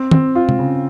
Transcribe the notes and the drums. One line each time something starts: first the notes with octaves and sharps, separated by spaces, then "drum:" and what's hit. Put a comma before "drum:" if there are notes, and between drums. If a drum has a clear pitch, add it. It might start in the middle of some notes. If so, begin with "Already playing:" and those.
Already playing: C4
C4, drum: tom D#3
F4
drum: tom C3
C#3